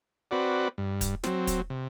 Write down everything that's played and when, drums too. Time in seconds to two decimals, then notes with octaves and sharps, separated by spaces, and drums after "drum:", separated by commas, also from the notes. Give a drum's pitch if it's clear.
0.31 C4 F#4 B4 D5
0.78 G2
1.01 drum: kick, hi-hat
1.23 F#3 C4, drum: snare
1.47 drum: kick, hi-hat
1.70 C3